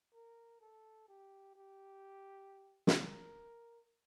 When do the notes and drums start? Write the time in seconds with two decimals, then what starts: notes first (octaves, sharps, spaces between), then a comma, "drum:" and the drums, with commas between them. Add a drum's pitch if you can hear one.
0.14 A#4
0.61 A4
1.08 G4
1.56 G4
2.87 drum: snare
2.98 A#4